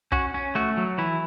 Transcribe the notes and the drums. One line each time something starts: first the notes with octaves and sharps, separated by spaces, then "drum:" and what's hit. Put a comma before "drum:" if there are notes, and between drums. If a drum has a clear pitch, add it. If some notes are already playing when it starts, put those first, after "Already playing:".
C#4 F#4, drum: kick
C#4
A3 F#4
F#3
E3 E4